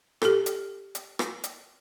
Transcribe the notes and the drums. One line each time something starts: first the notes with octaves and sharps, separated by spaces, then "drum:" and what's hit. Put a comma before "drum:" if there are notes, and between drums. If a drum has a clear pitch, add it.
G4 A4, drum: rim click
drum: hi-hat
drum: hi-hat
drum: rim click
drum: hi-hat